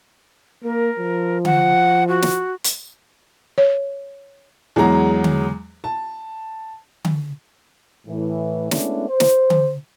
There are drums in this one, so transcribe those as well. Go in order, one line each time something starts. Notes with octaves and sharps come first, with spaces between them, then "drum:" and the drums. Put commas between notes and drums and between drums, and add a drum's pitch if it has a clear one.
A#3 A#4
F3
F#5, drum: tom D3
F#4
drum: snare
drum: hi-hat
C#5
E2 F#3 G#3 A#5
drum: tom D3
A5
drum: tom D3
A2 E3
G#3 A3 B3 C#4 D4 E4, drum: snare
C5
drum: snare
drum: tom D3